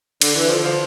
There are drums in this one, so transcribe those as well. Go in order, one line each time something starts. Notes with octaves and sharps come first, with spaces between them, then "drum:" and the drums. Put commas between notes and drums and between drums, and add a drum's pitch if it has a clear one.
D3, drum: cymbal
E3
D3 F3
D3 F3